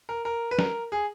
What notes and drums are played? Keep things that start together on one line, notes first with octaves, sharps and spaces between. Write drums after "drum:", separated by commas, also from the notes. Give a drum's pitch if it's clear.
A#4
A#4
B4
A#4, drum: snare
G#4